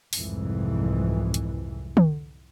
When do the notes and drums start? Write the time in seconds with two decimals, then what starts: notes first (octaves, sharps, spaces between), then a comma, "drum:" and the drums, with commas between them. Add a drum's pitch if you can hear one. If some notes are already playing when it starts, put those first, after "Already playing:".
0.13 C2 F2 G#2 E3, drum: open hi-hat
1.34 drum: hi-hat
1.97 drum: tom